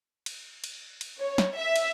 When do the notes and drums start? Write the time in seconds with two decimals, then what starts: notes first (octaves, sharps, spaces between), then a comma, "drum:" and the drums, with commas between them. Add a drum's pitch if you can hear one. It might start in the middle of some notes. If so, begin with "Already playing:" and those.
0.26 drum: cymbal
0.64 drum: cymbal
1.01 drum: cymbal
1.20 C#5
1.38 drum: snare
1.56 E5
1.76 drum: cymbal